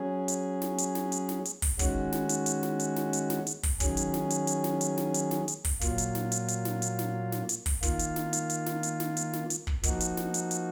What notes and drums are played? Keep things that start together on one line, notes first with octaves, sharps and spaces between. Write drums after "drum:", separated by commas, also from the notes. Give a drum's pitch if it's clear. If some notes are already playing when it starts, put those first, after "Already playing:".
Already playing: F#3 C#4 G#4
drum: hi-hat
drum: snare
drum: hi-hat
drum: snare
drum: hi-hat
drum: snare
drum: hi-hat
drum: kick, open hi-hat
D#3 G#3 C#4 F#4, drum: kick, hi-hat
drum: snare
drum: hi-hat
drum: hi-hat
drum: snare
drum: hi-hat
drum: snare
drum: hi-hat
drum: snare
drum: hi-hat
drum: kick, open hi-hat
D#3 F#3 C#4 G#4, drum: kick, hi-hat
drum: hi-hat
drum: snare
drum: hi-hat
drum: hi-hat
drum: snare
drum: hi-hat
drum: snare
drum: hi-hat
drum: snare
drum: hi-hat
drum: kick, open hi-hat
A#2 F#3 A#3 F4, drum: kick, hi-hat
drum: hi-hat
drum: snare
drum: hi-hat
drum: hi-hat
drum: snare
drum: hi-hat
drum: snare
drum: snare
drum: hi-hat
drum: kick, open hi-hat
D#3 A#3 F4, drum: kick, hi-hat
drum: hi-hat
drum: snare
drum: hi-hat
drum: hi-hat
drum: snare
drum: hi-hat
drum: snare
drum: hi-hat
drum: snare
drum: hi-hat
drum: kick
F3 A#3 D#4 F#4, drum: kick, hi-hat
drum: hi-hat
drum: snare
drum: hi-hat
drum: hi-hat